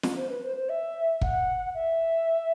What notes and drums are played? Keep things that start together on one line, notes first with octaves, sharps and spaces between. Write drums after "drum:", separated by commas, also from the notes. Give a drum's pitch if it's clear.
drum: snare
C5
B4
C5
C5
E5
F#5, drum: kick
E5